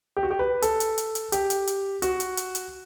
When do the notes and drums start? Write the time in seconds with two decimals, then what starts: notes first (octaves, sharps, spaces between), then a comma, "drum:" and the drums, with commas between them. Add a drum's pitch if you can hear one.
0.17 G4
0.23 F#4
0.31 G4
0.39 B4
0.62 A4, drum: hi-hat
0.80 drum: hi-hat
0.98 drum: hi-hat
1.15 drum: hi-hat
1.32 G4, drum: hi-hat
1.50 drum: hi-hat
1.67 drum: hi-hat
2.02 F#4, drum: hi-hat
2.20 drum: hi-hat
2.37 drum: hi-hat
2.55 drum: hi-hat